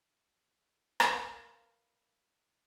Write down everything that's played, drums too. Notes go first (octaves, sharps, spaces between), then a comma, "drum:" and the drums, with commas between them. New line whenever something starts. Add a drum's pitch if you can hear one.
A#4 B4 F5, drum: rim click